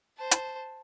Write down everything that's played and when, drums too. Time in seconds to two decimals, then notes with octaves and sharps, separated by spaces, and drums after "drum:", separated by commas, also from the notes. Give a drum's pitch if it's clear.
0.17 C5 A5
0.31 drum: hi-hat